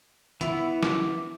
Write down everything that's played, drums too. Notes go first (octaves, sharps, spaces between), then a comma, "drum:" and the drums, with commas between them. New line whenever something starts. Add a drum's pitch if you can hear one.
E3 B3 E4, drum: hi-hat
D6, drum: snare